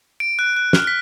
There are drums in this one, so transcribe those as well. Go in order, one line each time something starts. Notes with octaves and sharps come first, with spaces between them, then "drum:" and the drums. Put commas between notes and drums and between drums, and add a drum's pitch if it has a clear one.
D7
F#6
F#6
F6, drum: snare
B6